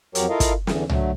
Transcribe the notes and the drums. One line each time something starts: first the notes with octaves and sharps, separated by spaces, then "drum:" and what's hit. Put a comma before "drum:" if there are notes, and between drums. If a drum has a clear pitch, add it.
F2 F#3 F#4 G4 A#4 C#5, drum: hi-hat
E4 F4 A4 A#4 D#5 F5
drum: kick, hi-hat
E2 D3 E3, drum: snare
D3 F#3 A3, drum: tom C2